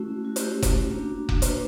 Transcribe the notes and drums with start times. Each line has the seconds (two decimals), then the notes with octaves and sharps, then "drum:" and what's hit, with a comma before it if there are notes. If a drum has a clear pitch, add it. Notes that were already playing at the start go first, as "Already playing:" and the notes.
Already playing: A3 C#4 E4 F#4
0.25 F#4
0.36 A3 C#4 E4 G4, drum: hi-hat
0.62 drum: kick F1, hi-hat
0.89 A#3 D4 F#4
1.29 drum: kick F1
1.42 A#3 D4 F#4 B4, drum: hi-hat